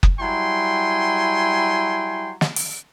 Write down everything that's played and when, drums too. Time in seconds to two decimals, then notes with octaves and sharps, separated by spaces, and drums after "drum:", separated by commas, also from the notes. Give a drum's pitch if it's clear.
0.03 drum: kick F#1
0.19 F#3 G3 E4 G5 G#5 C6
2.41 drum: snare
2.56 drum: open hi-hat